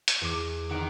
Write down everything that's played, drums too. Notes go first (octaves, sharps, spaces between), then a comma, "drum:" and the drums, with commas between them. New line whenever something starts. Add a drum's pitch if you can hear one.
drum: hi-hat
E2 D6
D#3 D#4 F#5 D7